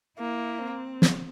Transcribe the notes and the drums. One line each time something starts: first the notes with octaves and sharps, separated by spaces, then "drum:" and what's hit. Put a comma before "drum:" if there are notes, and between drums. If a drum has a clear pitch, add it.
A#3 E4
C4
drum: snare